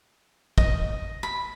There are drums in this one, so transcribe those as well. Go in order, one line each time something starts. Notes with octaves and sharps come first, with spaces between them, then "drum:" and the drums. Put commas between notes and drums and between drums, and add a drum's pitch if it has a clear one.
D#5, drum: kick
B5